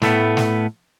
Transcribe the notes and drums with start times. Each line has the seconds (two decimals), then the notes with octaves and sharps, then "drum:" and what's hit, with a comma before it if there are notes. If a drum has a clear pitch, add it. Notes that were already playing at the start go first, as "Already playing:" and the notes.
0.02 A2 A3 B3, drum: snare
0.37 drum: snare